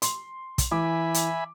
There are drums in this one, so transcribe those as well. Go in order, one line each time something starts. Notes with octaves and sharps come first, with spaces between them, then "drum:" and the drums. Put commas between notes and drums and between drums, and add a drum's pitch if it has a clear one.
C6, drum: hi-hat
drum: kick, hi-hat
E3 E5 G#5 B5 D6
drum: hi-hat